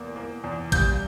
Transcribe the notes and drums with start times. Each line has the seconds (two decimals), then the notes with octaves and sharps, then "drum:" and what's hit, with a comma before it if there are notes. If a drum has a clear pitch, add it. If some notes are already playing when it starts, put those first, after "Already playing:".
Already playing: E2 A#3
0.16 A#3
0.44 E2
0.72 G3 G6, drum: kick, hi-hat